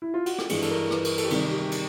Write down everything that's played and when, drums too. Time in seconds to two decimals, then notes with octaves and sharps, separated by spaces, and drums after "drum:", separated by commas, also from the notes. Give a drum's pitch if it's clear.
0.02 E4
0.14 F4
0.26 F#4, drum: cymbal
0.39 G4, drum: rim click
0.49 G2 E3 G#3 G#4, drum: cymbal
0.62 A4, drum: cymbal
0.70 A#4
0.91 B4, drum: rim click
1.04 A#4, drum: cymbal
1.18 A4, drum: cymbal
1.24 G4
1.30 C3 D#3 G3 G#4, drum: cymbal
1.51 G4
1.71 drum: cymbal